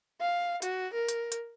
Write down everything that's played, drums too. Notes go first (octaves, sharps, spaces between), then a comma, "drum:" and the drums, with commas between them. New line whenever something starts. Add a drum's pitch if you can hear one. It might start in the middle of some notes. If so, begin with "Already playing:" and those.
F5
F#4, drum: hi-hat
A#4
drum: hi-hat
drum: hi-hat